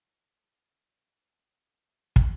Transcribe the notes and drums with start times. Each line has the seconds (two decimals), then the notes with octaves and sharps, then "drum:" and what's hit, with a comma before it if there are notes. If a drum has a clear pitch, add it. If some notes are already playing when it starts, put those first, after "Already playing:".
0.43 G#3 F4 F#4
2.16 drum: kick